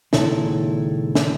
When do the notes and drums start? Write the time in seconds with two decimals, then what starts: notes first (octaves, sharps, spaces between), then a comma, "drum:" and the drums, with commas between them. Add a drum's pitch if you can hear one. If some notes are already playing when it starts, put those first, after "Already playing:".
0.13 C#2 A#2 D#3 E4 A4 C#5, drum: snare
1.15 drum: snare